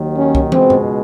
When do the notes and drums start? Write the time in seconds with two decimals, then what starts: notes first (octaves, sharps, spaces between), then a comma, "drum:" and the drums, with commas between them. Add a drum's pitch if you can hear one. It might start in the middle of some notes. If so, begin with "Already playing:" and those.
Already playing: D#2 D#3 F#3
0.17 C#4
0.35 drum: kick C2
0.52 C#2 B2 G#3 C4, drum: tom
0.70 drum: tom G2